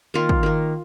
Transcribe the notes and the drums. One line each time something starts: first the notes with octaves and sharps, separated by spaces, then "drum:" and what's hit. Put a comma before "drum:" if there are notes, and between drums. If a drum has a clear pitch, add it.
D#3 A#3 F4
drum: kick
D#3 A#3